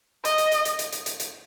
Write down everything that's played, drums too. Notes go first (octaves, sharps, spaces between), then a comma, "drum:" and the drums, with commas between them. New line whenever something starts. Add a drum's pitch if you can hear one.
D#5, drum: hi-hat
drum: hi-hat
drum: hi-hat
drum: hi-hat
drum: hi-hat
drum: hi-hat
drum: hi-hat
drum: hi-hat